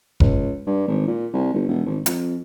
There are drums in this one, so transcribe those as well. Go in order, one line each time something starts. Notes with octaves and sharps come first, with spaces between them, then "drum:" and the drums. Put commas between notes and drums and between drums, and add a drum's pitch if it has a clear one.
C#2, drum: kick F1
G2
G#1
A#2
C2
G1
E1
G#1
F2, drum: hi-hat